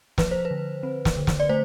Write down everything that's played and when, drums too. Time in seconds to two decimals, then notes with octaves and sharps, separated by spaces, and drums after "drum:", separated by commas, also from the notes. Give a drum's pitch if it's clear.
0.18 F3 B4, drum: snare
0.31 C5
0.45 B4
0.51 D3
0.83 C4
1.05 drum: snare
1.17 D3
1.27 drum: snare
1.40 D5
1.49 A3 C5